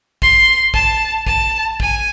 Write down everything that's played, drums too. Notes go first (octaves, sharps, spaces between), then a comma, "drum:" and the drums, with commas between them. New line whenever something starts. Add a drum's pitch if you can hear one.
C6, drum: kick
A5, drum: kick
A5, drum: kick
G#5, drum: kick